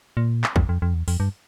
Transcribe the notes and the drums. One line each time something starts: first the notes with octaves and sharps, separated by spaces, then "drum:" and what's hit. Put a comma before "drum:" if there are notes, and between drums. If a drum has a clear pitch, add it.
A#2
drum: clap
F2, drum: kick
F2
F2
E2
F2, drum: open hi-hat
G2